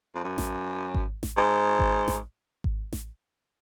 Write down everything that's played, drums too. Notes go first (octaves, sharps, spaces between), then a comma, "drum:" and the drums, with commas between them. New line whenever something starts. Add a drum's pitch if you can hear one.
F2
F#2
drum: snare A1
drum: kick G#1
drum: snare A1
G#2
drum: kick G#1
drum: snare A1
drum: kick G#1
drum: snare A1